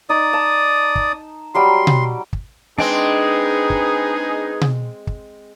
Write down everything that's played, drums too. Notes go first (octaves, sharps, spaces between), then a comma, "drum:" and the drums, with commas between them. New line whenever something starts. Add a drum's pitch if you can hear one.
D#4 D5 D#6
A5
drum: kick
F#3 G3 G5 C6
drum: tom B2
drum: kick
G#3 C4 D4 D#4 G#4 B4 G5 C6
drum: kick
drum: tom B2
drum: kick